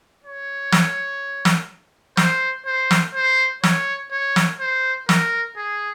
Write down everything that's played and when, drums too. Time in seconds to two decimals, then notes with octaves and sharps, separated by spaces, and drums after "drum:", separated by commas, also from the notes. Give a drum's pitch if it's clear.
0.24 C#5
0.72 drum: snare
1.45 drum: snare
2.17 C5, drum: snare
2.66 C5
2.91 drum: snare
3.15 C5
3.63 C#5, drum: snare
4.12 C#5
4.36 drum: snare
4.60 C5
5.09 A#4, drum: snare
5.57 G#4